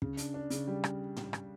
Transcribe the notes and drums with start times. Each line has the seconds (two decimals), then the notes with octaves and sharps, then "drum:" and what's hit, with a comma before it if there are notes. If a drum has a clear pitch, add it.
0.02 C#3, drum: kick
0.17 D4, drum: hi-hat
0.34 D4
0.50 C#3, drum: hi-hat
0.67 G3
0.84 drum: rim click
1.17 drum: tom
1.33 drum: rim click